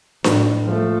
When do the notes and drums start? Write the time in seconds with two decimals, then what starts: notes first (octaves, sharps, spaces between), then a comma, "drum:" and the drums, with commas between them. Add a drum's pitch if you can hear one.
0.24 A2, drum: snare D4
0.65 F3 A3